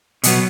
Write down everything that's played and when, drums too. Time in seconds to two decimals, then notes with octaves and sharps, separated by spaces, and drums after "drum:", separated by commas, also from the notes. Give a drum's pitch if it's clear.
0.24 B2 F#3 B3, drum: hi-hat